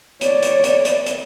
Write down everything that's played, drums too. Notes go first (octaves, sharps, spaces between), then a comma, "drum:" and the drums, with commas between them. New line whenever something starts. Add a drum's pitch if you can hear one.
C#5 D5, drum: hi-hat
drum: hi-hat
drum: hi-hat
drum: hi-hat
drum: hi-hat